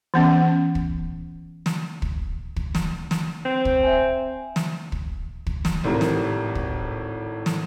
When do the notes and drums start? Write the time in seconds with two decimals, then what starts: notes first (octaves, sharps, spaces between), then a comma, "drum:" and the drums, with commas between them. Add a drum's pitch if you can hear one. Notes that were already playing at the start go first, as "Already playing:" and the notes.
0.14 E3 B3 C#4
0.75 drum: kick
1.66 drum: snare
2.02 drum: kick
2.56 drum: kick
2.75 drum: snare
3.11 drum: snare
3.45 C4
3.65 drum: kick
3.83 E5 G#5
4.56 drum: snare
4.92 drum: kick
5.47 drum: kick
5.65 drum: snare
5.84 G#1 A2 C3 A#4
6.01 drum: snare
6.55 drum: kick
7.46 drum: snare